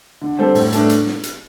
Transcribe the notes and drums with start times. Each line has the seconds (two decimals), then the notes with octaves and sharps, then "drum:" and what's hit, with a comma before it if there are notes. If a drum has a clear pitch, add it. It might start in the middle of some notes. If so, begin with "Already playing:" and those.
0.22 D3
0.39 G3 C4 A4
0.55 A2, drum: open hi-hat
0.73 A3 D4 A4, drum: hi-hat
0.89 drum: hi-hat
1.06 drum: snare
1.23 drum: hi-hat